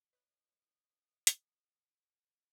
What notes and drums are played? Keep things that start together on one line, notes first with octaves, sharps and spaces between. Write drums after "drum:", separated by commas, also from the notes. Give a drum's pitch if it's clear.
E3 B4 C#5 D#5 D#6 F#6
drum: hi-hat